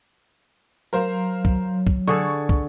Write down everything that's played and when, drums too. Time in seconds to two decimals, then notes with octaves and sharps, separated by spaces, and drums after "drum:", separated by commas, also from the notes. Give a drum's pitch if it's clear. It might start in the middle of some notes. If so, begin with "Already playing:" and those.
0.93 F#3 A#4 C5 F5
1.45 drum: kick
1.87 drum: kick
2.08 D3 G#4 A4 C#6
2.49 drum: kick